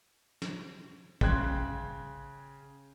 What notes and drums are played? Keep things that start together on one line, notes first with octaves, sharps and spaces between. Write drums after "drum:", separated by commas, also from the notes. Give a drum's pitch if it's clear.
drum: snare
C#3 G5 C6 F#6 G#6, drum: kick